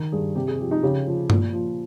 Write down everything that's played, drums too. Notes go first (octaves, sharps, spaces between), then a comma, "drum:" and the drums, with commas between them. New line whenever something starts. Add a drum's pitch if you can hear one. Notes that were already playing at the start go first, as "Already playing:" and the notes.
Already playing: D#3
G2 G#4
C3 G4
G#4
F3 G4
D#4
C#3 G4
F3
A#2, drum: tom G2
F3